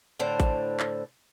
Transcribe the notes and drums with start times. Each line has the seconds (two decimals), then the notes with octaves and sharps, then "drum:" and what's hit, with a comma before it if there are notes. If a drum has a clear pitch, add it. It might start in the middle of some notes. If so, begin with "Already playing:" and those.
0.20 A2 D3 C5
0.40 drum: kick A1, hi-hat
0.80 drum: clap